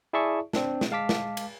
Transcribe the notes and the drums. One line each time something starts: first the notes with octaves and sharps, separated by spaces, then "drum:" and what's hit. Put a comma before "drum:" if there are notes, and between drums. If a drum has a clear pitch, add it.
E4 G#4 D5 E5 A5 C#6
C4 D4, drum: snare
drum: snare
G#3 F5 A5 D6 B6
drum: snare
drum: cymbal